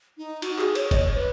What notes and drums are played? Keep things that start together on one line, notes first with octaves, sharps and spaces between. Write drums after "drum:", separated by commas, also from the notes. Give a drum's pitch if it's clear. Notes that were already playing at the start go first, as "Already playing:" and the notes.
D#4
F#4, drum: cymbal
G#4, drum: clap
C#5, drum: cymbal
D#5, drum: kick F#1, cymbal
C#5
B4